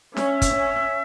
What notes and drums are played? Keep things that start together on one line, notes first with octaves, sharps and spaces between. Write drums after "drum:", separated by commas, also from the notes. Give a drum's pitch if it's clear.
C#4 E5, drum: snare D4
drum: kick, hi-hat
C#4